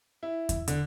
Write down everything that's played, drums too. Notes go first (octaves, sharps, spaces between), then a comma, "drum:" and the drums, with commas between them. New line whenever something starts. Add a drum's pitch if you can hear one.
E4
drum: kick E2, hi-hat
D3, drum: hi-hat